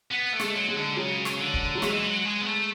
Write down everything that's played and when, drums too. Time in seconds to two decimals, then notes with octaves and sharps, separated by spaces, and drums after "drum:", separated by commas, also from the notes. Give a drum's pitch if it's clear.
0.11 B3
0.33 A3
0.40 G#3, drum: rim click
0.54 F#3
0.68 G#3
0.76 D3
0.97 C#3 F#3
1.25 drum: rim click
1.39 D3
1.54 drum: kick
1.75 F#3
1.82 E3 G#3, drum: rim click
1.93 E3
2.04 F#3
2.25 G#3
2.41 B3
2.46 A3